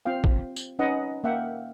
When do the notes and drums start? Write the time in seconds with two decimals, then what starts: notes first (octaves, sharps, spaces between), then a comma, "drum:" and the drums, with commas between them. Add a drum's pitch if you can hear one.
0.05 C4 F4 F5 G5
0.24 drum: kick
0.56 drum: tambourine
0.79 C#4 D#4 B4 D#5 F#5
1.24 A#3 E5 F#5 G5